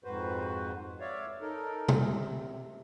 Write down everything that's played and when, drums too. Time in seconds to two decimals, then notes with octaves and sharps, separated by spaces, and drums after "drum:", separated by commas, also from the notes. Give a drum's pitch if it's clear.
0.04 F2 G#2 F#4 B4 C5
1.00 C#5 D5 E5 F5
1.41 D#4 A4 A#4
1.88 drum: tom
2.02 C3